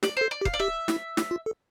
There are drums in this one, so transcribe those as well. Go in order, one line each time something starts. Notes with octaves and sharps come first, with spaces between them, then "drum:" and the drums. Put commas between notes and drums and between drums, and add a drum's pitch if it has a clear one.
G4 D5, drum: snare
A4 C5
D5
G4
F5, drum: kick
D5
G4 E5
E4, drum: snare
E4, drum: snare
F4
A4